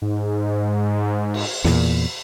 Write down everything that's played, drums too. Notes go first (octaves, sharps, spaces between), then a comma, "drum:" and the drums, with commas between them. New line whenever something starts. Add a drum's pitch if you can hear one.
G#2
drum: cymbal
E2 A#2, drum: snare